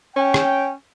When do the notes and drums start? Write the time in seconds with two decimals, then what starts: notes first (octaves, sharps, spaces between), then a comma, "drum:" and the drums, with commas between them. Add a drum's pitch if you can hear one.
0.16 C#4 G5
0.34 drum: rim click